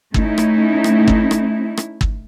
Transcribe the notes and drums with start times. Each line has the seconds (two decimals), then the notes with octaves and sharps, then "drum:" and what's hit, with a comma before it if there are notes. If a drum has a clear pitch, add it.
0.14 A3 C#4 D#4 E4, drum: kick G1
0.38 drum: rim click
0.84 drum: rim click
1.08 drum: kick G1
1.31 drum: rim click
1.77 drum: rim click
2.01 drum: kick G1